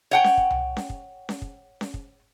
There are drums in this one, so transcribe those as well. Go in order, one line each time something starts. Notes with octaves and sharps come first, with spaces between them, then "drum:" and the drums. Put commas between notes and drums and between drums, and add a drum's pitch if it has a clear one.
C#5 F#5 G5
drum: snare C#4
drum: kick
drum: tom C2
drum: snare C#4
drum: kick
drum: snare C#4
drum: kick
drum: snare C#4
drum: kick